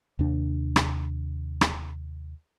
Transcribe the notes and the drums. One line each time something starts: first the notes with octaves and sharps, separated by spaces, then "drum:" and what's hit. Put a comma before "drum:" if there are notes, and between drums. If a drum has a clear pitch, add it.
D#2 C3 D4
drum: rim click
drum: rim click